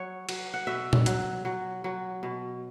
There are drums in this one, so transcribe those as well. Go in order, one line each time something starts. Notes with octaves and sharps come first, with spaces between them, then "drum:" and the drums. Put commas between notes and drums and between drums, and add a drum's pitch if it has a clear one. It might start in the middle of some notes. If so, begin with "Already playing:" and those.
Already playing: F#3 C#5
F#3, drum: cymbal
F#5
B2 E5
drum: tom A#2
F#3, drum: hi-hat
F#3
F#3
B2